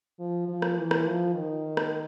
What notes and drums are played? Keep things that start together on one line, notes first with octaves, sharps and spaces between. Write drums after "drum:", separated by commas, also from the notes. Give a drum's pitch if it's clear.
F3
F3
drum: rim click
E3
drum: rim click
F3
D#3
drum: rim click